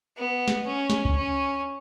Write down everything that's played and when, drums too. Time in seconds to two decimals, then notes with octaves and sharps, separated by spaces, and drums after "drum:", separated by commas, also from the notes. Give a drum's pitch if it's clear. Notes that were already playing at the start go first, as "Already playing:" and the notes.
0.17 B3
0.48 drum: snare
0.66 C#4
0.90 drum: snare
1.05 drum: kick C#2
1.16 C#4